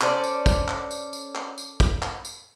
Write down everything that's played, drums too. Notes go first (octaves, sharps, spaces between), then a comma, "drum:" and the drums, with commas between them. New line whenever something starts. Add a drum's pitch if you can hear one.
C#4 A4 C5 D5, drum: clap
drum: tambourine
drum: kick, tambourine
drum: clap
drum: tambourine
drum: tambourine
drum: clap
drum: tambourine
drum: kick, tambourine
drum: clap
drum: tambourine